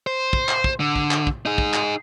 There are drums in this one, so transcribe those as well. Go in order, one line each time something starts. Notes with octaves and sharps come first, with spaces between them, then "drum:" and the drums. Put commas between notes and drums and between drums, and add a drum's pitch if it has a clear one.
C5
drum: kick
drum: clap
drum: kick
D3
drum: kick
drum: clap
drum: kick
D#4 G#4
drum: kick
drum: clap